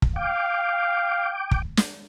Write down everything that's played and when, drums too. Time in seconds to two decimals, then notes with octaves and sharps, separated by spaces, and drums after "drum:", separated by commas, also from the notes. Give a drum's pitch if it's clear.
0.02 drum: kick
0.16 F5 G5 D6
1.51 drum: kick
1.77 drum: snare